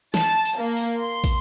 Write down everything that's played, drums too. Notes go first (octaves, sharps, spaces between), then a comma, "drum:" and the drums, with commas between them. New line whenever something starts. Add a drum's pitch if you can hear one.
A5, drum: snare
drum: open hi-hat
A#3
drum: open hi-hat
C6
drum: kick, open hi-hat